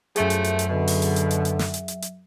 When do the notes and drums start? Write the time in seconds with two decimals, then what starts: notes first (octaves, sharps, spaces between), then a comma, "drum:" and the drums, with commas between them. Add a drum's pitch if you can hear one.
0.16 F#2 F3 F#3 A3 G#4 E5, drum: hi-hat
0.30 drum: hi-hat
0.44 drum: hi-hat
0.59 drum: hi-hat
0.69 B2 D3
0.87 drum: open hi-hat
1.02 drum: hi-hat
1.16 drum: hi-hat
1.31 drum: hi-hat
1.45 drum: hi-hat
1.59 drum: snare
1.74 drum: hi-hat
1.88 drum: hi-hat
2.02 drum: hi-hat